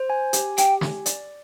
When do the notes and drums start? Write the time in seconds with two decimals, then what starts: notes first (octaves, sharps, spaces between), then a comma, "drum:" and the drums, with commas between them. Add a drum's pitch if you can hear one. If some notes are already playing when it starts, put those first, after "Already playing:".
Already playing: C5
0.10 G#5
0.33 G4, drum: hi-hat
0.58 G4 G5, drum: hi-hat
0.81 G#5, drum: snare
1.06 D5, drum: hi-hat